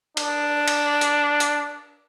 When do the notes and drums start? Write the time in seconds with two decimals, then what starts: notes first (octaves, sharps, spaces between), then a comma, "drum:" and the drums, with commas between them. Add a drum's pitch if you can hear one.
0.17 D4, drum: cymbal
0.68 drum: cymbal
1.01 drum: hi-hat
1.40 drum: hi-hat